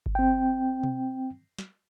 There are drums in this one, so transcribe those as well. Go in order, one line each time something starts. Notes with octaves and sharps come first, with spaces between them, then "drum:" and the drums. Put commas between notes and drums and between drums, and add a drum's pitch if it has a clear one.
drum: kick G1
C4 G5
drum: tom B2
drum: snare